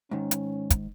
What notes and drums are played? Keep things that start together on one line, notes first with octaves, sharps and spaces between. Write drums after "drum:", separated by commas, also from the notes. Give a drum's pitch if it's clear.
G#2 D#3 C#4
drum: hi-hat
drum: kick, hi-hat